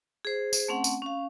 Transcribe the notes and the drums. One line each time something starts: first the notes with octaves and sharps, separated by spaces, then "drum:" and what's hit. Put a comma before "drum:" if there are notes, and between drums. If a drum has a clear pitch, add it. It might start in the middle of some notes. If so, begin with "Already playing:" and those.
G#4 C5
drum: tambourine
A3 C4 C#4 F#5
drum: tambourine
C#4 F5